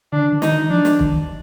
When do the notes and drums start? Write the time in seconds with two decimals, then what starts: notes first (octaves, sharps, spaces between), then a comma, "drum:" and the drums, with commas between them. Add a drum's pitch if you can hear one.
0.12 D3 D4
0.32 D#3
0.42 D#4, drum: snare
0.52 D#3
0.70 F3 D4
0.85 drum: snare
0.99 D#3, drum: kick